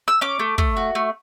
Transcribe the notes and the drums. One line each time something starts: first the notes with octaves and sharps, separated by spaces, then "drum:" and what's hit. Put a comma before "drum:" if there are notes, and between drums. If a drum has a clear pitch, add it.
E6
C#4 D6
A3
A3, drum: kick
F#4
A3